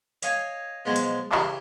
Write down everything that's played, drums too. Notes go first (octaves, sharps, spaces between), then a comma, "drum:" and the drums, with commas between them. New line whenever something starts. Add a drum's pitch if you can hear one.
C#5 D#5 F5 G#5, drum: hi-hat
B2 F3 F#3 G#3
drum: hi-hat
C#3 E3 G4, drum: clap